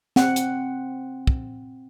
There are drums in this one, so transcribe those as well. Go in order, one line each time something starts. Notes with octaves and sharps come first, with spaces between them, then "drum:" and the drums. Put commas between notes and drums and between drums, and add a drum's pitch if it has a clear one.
C4 F#5, drum: snare
drum: hi-hat
drum: kick